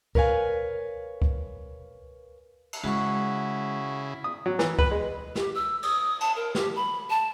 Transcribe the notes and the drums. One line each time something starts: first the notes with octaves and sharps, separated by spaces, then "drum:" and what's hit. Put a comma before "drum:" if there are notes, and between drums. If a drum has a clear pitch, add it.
A#4 B4 C#5 F5 G#5, drum: kick C#2
drum: kick C#2
drum: cymbal
C#3 G#3 E4 F#4 F#5 C#6
D#6
F#3
E3, drum: snare
B4, drum: kick C#2
G#3
G4, drum: snare
E6
D#6, drum: cymbal
A5, drum: cymbal
A#4
G4, drum: snare
B5
A5